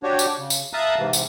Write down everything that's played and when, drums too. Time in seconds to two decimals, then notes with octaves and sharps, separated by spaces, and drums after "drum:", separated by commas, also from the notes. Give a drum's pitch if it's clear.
0.03 D4 F#4 G4 C#5
0.19 drum: tambourine
0.38 C#3
0.50 drum: tambourine
0.73 E5 F5 A5 A#5 D#6 F#6
0.99 G#2 C3 E3
1.13 drum: tambourine